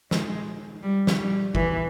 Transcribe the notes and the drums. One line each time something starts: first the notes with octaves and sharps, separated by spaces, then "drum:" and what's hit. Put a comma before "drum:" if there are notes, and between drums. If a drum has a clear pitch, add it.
G#3, drum: snare
G3
drum: snare
G3
E3, drum: kick F#1